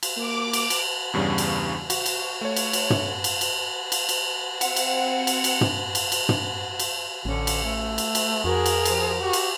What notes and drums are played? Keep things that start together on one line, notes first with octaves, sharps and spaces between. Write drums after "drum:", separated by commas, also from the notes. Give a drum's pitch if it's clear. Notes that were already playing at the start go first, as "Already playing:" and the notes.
drum: cymbal
A#3 D6
drum: cymbal
drum: cymbal
E2 G2 C#3 G3
drum: cymbal
F#4, drum: cymbal
drum: cymbal
A3 C#5
drum: cymbal
drum: cymbal
drum: tom
drum: cymbal
drum: cymbal
drum: cymbal
drum: cymbal
C4 F#5, drum: cymbal
drum: cymbal
drum: cymbal
drum: cymbal
drum: tom
drum: cymbal
drum: cymbal
drum: tom
drum: cymbal
A1 D3 C#4
drum: cymbal
A3
drum: cymbal
drum: cymbal
F2 F#4 G#4 A#4
drum: cymbal
F3, drum: cymbal
F#4 G4
drum: cymbal